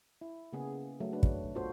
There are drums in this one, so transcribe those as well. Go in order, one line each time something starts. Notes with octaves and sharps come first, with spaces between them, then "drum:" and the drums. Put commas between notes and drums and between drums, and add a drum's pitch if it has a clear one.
E4
C#3 A#3 B3 G#4
F#3 A3
D4 B4
drum: kick
B3 F4 F#4 A4 C5